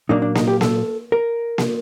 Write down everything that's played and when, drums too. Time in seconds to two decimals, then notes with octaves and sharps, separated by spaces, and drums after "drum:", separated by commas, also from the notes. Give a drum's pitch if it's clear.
0.09 A#2 F#3 A#3 D4 D#4
0.22 D4
0.35 D#4, drum: snare A#3
0.48 G4
0.61 A4, drum: snare A#3
1.12 A#4
1.58 drum: snare A#3